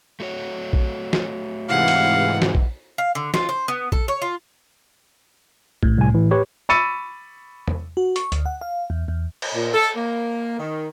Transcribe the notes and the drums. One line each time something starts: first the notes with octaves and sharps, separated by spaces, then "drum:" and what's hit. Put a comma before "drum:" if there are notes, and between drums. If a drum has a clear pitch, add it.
A3 F#4 C#5
drum: kick A#1
drum: snare
G#2 C3 E3 F5 F#5
drum: cymbal
drum: snare
drum: kick A#1
F5
D3
F4, drum: snare
C5
B3
A4, drum: kick A#1
C#5
F4
A2, drum: kick A#1
C2 G#5
E3
G4 B4 C#5
B5 C#6 E6 A6 C#7 D#7
drum: tom E2
F#4
C#6, drum: hi-hat
D2, drum: hi-hat
F#5
F5
E2
E2
drum: cymbal
A#2
A4
A#3
D#3